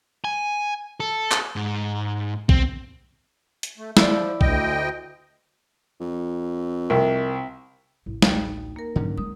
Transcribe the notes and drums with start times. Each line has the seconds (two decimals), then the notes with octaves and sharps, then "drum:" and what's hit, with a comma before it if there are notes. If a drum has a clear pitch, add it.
0.24 G#5
1.00 A4
1.32 drum: clap
1.56 G#2
2.49 C4, drum: kick A#1
3.63 drum: hi-hat
3.78 A3
3.97 F3 E4 D5, drum: snare
4.41 D2 D#5 G5, drum: kick A#1
6.01 F2
6.90 C2 A#4
8.06 A1
8.22 D2 A2 D#4 G5, drum: snare
8.76 A#3 A#4
8.96 G#2 D3 F#3 C#4
9.18 G#3 D#6